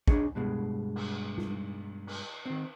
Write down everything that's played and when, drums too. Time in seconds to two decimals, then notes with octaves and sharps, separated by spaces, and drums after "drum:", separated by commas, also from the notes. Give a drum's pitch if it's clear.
0.08 D4 D#4 G#4 C#5, drum: kick
0.35 G2 B2 G#3
0.96 drum: cymbal
1.38 drum: tom G3
2.07 drum: cymbal
2.46 D#3 C4